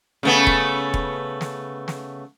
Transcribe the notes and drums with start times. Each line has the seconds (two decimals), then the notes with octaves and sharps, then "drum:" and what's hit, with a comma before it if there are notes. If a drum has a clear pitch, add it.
0.23 C#3 A3 B3
0.47 drum: kick E1
0.94 drum: kick E1
1.41 drum: snare
1.88 drum: snare